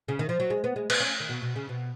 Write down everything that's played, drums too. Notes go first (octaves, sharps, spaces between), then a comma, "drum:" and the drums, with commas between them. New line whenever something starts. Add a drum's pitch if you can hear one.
C#3
D#3
F3
F#3
G#3
B3
G#3
B3, drum: cymbal
C#4
D#3
B2
B2
C#3
B2